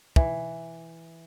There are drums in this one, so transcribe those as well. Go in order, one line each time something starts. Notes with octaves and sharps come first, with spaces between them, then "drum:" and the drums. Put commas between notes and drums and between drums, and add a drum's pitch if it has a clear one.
E3, drum: kick